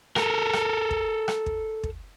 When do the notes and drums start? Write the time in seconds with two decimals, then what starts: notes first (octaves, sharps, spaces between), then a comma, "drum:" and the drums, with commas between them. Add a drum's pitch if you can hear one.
0.16 A4 A#4, drum: rim click
0.53 drum: rim click
0.91 drum: kick
1.28 drum: rim click
1.46 drum: kick
1.83 drum: kick